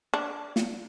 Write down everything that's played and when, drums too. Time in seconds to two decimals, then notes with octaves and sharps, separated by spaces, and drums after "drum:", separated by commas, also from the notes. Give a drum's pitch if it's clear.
0.14 D4
0.56 drum: snare